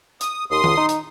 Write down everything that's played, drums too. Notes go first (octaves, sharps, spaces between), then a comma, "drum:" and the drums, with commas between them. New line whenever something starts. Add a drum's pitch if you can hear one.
D#6, drum: hi-hat
D#2 C6 D#6
C#2, drum: tom D#3
D#4
drum: hi-hat